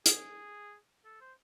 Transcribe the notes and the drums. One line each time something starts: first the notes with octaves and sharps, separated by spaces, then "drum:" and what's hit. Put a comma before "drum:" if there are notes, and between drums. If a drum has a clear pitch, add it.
G#4, drum: hi-hat
A4
C5